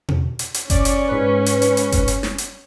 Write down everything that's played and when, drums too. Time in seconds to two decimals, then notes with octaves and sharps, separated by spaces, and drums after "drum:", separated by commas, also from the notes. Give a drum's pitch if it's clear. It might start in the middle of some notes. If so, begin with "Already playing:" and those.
0.08 drum: tom B2
0.39 drum: hi-hat
0.54 drum: hi-hat
0.70 C#4 D5, drum: kick F#1, hi-hat
0.85 drum: hi-hat
1.08 G#2 B4
1.46 drum: hi-hat
1.62 drum: hi-hat
1.77 drum: hi-hat
1.92 drum: kick F#1, hi-hat
2.08 drum: hi-hat
2.23 drum: snare
2.38 drum: hi-hat